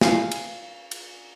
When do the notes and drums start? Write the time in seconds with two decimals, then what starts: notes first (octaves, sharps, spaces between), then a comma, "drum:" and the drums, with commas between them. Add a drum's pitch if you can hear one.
0.01 F5 G#5, drum: snare
0.31 drum: cymbal
0.91 drum: cymbal